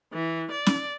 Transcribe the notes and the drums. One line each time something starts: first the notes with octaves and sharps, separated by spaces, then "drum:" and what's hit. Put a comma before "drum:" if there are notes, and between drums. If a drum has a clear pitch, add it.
E3
D5
drum: snare C#4